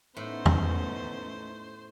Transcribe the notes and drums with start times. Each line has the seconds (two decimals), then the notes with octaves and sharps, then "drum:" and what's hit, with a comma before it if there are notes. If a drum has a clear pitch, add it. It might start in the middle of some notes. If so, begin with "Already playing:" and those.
0.17 A2 A3 B3 C#4 D#4 C5
0.46 drum: tom